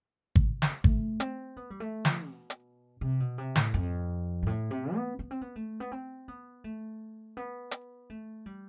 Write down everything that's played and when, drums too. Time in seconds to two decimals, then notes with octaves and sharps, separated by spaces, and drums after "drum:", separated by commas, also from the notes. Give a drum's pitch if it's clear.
0.36 drum: kick
0.62 drum: snare
0.84 A3, drum: kick
1.20 C4, drum: hi-hat
1.56 B3
1.70 G3
1.80 A3
2.05 F3, drum: snare
2.29 B2
2.50 drum: hi-hat
3.01 C3
3.20 B2
3.38 C3
3.56 A2, drum: snare
3.74 F2
4.43 G2
4.47 A2
4.71 C3
4.95 B3
5.19 B3
5.31 C4
5.41 B3
5.56 A3
5.80 B3
5.92 C4
6.28 B3
6.64 A3
7.37 B3
7.71 drum: hi-hat
8.10 A3
8.46 G3